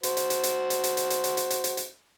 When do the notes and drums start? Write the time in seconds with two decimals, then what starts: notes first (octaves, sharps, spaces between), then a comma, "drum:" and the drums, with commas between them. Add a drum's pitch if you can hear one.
0.03 F#4 C5, drum: hi-hat
0.17 drum: hi-hat
0.30 drum: hi-hat
0.43 drum: hi-hat
0.70 drum: hi-hat
0.84 drum: hi-hat
0.97 drum: hi-hat
1.10 drum: hi-hat
1.24 drum: hi-hat
1.37 drum: hi-hat
1.50 drum: hi-hat
1.64 drum: hi-hat
1.77 drum: hi-hat